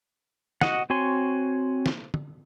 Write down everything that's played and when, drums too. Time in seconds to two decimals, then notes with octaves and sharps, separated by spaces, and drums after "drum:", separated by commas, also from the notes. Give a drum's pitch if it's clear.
0.61 F#4 D#5 F#5, drum: snare
0.90 C4 F#4 C#5 G#5 C6
1.86 drum: snare
2.14 drum: tom